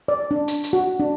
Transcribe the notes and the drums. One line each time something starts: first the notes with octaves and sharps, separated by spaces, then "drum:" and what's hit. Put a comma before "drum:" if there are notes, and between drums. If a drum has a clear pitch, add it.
D5
D4
drum: hi-hat
drum: hi-hat
F#4
D4